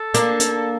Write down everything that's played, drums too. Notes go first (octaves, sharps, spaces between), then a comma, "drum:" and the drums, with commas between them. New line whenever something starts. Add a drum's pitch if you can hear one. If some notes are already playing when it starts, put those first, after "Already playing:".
Already playing: A4
A#3 D4, drum: hi-hat
drum: hi-hat